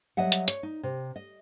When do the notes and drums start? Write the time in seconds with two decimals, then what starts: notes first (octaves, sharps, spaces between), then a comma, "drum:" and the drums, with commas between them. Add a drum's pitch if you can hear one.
0.17 F#3 G3 D#5 E5 F#5
0.32 drum: hi-hat
0.48 C#5, drum: hi-hat
0.63 D#4
0.83 C3
1.16 D#5